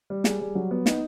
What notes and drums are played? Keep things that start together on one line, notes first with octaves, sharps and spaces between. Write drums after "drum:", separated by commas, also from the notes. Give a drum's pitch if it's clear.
G3
G#4, drum: snare
G3
F#3
B3
D#4, drum: snare